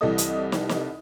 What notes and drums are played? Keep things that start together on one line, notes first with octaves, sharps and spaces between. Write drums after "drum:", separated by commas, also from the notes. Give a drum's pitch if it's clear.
C2 E3 G3 A4 D#5 D#6
drum: hi-hat
drum: snare
drum: snare